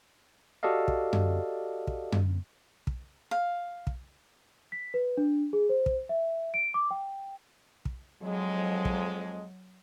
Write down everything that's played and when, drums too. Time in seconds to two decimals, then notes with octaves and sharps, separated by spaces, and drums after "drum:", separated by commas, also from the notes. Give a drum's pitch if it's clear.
0.63 F#4 G4 A4 D5 D#5 F5
0.88 drum: kick
1.13 drum: tom F#2
1.87 drum: kick
2.12 drum: tom F#2
2.87 drum: kick
3.31 F5
3.87 drum: kick
4.72 B6
4.94 B4
5.17 D4
5.53 G#4
5.69 C5
5.86 drum: kick
6.09 E5
6.54 D7
6.74 D6
6.91 G5
7.85 drum: kick
8.22 F2 F#3 G#3
8.85 drum: kick